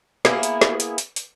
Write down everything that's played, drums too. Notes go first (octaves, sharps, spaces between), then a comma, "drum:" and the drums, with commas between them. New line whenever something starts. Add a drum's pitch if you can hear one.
A#3 B3 E4 G#4, drum: snare
drum: hi-hat
drum: snare
drum: hi-hat
drum: hi-hat
drum: hi-hat